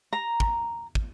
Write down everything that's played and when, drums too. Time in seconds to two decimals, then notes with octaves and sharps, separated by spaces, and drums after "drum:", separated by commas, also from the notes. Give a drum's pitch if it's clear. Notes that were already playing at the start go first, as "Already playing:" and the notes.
0.13 A#5
0.40 drum: kick
0.95 drum: kick